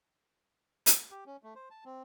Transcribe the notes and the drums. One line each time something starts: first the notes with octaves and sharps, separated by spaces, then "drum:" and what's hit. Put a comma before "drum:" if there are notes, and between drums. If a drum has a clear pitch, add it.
drum: hi-hat
G4
C#4
A3
C5
A5
C4